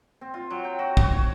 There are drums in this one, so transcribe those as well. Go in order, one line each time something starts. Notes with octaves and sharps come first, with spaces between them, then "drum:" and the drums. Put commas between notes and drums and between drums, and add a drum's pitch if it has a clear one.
C4
F4
F#3
G5
F#4
F#4, drum: kick
C#5